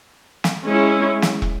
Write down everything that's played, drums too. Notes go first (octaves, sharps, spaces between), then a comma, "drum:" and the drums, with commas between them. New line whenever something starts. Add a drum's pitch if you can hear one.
drum: snare
G#3 C#4 E4
drum: snare
drum: kick